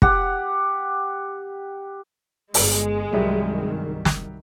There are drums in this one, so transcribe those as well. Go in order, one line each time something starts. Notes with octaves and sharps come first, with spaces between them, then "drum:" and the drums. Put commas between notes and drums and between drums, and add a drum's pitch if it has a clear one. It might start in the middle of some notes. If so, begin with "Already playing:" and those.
G4 F#5, drum: kick
G1 G#3, drum: open hi-hat
C2 G2 D#3 F#3 G3 E5
drum: snare